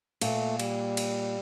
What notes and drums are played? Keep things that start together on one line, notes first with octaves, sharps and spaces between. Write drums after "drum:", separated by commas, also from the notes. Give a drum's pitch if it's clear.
A#2 A3, drum: cymbal
G3, drum: cymbal
drum: cymbal